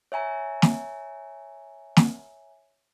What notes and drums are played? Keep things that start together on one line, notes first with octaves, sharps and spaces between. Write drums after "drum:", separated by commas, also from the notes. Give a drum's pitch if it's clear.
C#5 E5 G#5 A#5
drum: snare
drum: snare